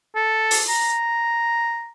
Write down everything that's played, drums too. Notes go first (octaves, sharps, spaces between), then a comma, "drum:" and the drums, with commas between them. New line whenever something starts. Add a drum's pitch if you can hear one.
A4
drum: open hi-hat
A#5